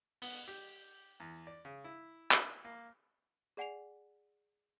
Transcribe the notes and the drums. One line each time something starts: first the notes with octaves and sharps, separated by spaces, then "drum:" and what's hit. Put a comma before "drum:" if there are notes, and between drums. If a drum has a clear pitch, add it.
B3, drum: open hi-hat
G4
E2
D5
C#3
E4
drum: clap
A#3
G#4 D5 F#5 G#5 C7 F7